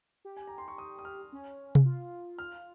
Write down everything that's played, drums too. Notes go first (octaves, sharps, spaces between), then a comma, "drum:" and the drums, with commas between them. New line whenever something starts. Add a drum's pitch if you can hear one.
G4
G#5
A#5
C6
C#6
D#6
D#6
F6
C#4
drum: tom C3
F4
F6